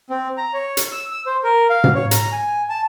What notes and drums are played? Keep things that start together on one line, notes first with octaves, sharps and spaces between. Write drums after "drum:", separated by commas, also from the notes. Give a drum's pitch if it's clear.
C4
A#5
C#5
drum: hi-hat
E6
E6
C5
A#4
F5
drum: tom
C#5
A#5, drum: hi-hat
G#5
A5